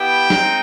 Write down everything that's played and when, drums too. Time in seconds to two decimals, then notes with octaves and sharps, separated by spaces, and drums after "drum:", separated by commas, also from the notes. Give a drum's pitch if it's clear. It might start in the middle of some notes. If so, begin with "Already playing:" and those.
Already playing: B3 E4 G4 G5
0.30 G#3 C4 D#4, drum: snare